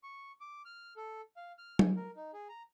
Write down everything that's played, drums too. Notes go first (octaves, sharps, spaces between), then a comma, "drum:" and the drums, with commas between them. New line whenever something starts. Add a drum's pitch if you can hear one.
C#6
D6
F6
A4
F5
F6
G#5, drum: tom F#3
A#4
D#4
G#4
A#5